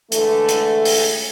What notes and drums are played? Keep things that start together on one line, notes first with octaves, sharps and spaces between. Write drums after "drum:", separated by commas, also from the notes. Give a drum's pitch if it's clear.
D3 E3 G#3 A3, drum: hi-hat
drum: hi-hat
drum: open hi-hat